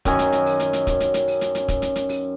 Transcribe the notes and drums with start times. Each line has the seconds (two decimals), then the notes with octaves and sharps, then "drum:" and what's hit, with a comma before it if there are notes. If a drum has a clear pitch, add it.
0.05 F#2 D#3 G#5, drum: kick, hi-hat
0.19 drum: hi-hat
0.32 drum: hi-hat
0.46 drum: open hi-hat
0.60 drum: hi-hat
0.73 drum: hi-hat
0.87 drum: kick, hi-hat
1.00 drum: hi-hat
1.14 drum: hi-hat
1.28 drum: open hi-hat
1.41 drum: hi-hat
1.55 drum: hi-hat
1.68 drum: kick, hi-hat
1.82 drum: hi-hat
1.96 drum: hi-hat
2.09 drum: open hi-hat